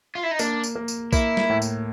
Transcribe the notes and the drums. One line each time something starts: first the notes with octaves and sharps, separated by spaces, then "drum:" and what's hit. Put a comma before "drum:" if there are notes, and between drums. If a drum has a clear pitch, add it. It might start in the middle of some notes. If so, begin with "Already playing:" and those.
F4
E4
D#4
A#3 D4, drum: tambourine
drum: tambourine
A#3
drum: tambourine
A#3 E4, drum: kick A#1, tambourine
drum: snare
A2
drum: tambourine